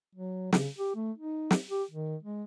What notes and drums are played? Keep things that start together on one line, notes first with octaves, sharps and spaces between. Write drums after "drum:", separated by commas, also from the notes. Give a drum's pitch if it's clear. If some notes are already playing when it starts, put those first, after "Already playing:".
F#3
C#3, drum: snare
G4
A3
D#4
drum: snare
G4
D#3
G#3